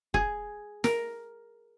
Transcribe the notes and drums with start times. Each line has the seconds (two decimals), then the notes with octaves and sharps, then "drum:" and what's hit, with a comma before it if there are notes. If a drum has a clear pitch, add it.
0.14 G#4, drum: kick
0.84 A#4, drum: snare